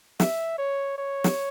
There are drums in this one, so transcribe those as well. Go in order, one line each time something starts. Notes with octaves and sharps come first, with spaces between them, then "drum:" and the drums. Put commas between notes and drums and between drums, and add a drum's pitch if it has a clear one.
E5, drum: snare
C#5
C#5
drum: snare